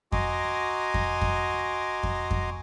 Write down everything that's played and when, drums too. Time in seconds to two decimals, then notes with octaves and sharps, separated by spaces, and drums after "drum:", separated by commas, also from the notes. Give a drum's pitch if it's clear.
0.12 F#4 D#5 G#5 A#5 C6 D6, drum: kick F2
0.94 drum: kick F2
1.22 drum: kick F2
2.03 drum: kick F2
2.31 drum: kick F2